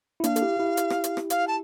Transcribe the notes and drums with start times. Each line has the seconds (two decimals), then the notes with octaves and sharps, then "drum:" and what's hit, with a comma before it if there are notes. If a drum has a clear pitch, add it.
0.20 E4
0.24 A#3 D4 F5, drum: hi-hat
0.36 A4, drum: hi-hat
0.41 E4 G4
0.59 E4 G4
0.77 drum: hi-hat
0.90 drum: rim click
1.04 drum: hi-hat
1.17 drum: rim click
1.30 F5, drum: hi-hat
1.47 A5